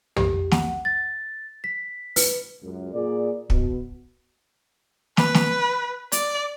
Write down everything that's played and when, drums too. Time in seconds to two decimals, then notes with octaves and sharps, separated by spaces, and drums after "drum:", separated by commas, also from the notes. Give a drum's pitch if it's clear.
0.16 G4, drum: tom
0.51 F#5, drum: snare
0.85 A6
1.64 B6
2.16 B4, drum: open hi-hat
2.63 C#2 F#2
2.94 A#2 G#4 D5
3.50 B2, drum: kick
5.17 B4, drum: snare
5.34 drum: snare
6.12 D5, drum: hi-hat